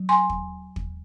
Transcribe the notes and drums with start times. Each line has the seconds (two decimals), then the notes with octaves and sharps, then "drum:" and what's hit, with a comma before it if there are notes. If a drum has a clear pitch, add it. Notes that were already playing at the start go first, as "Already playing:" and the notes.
Already playing: F#3
0.09 G#5 C6
0.30 drum: kick
0.76 drum: kick